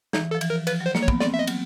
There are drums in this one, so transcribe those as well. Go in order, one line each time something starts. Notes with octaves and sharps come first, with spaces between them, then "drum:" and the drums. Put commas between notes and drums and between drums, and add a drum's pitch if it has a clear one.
E3 D#4, drum: snare
A4
F3
E3, drum: cymbal
A#4
F3 B4, drum: cymbal
F#3
C5
A#3, drum: snare
C#5
B3, drum: kick
C4 D5, drum: snare
E5
D#5
F#3, drum: cymbal